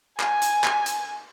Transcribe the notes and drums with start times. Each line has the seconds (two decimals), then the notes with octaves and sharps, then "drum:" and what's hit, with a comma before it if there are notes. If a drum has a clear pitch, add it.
0.20 G#5, drum: clap
0.42 drum: hi-hat
0.64 drum: clap
0.86 drum: hi-hat